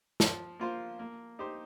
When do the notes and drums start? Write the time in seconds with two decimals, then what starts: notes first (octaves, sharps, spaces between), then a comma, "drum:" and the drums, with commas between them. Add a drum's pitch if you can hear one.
0.20 F3, drum: snare
0.60 A#3 F4 C5
0.99 A#3
1.39 D#4 G4 C5